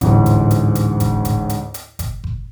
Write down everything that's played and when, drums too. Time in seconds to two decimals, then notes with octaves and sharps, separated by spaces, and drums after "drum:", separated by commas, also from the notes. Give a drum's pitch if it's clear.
0.01 A1 D2 G#2, drum: kick F#1, hi-hat
0.26 drum: kick F#1, hi-hat
0.51 drum: hi-hat
0.75 drum: hi-hat
1.00 drum: kick F#1, hi-hat
1.25 drum: kick F#1, hi-hat
1.49 drum: hi-hat
1.74 drum: hi-hat
1.99 drum: kick F#1, hi-hat
2.24 drum: kick F#1